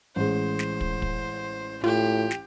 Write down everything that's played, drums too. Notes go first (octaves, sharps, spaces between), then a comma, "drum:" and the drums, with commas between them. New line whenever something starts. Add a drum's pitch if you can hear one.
A1 G#3 C5
drum: snare
drum: kick
drum: kick
A2 F4 G4
drum: snare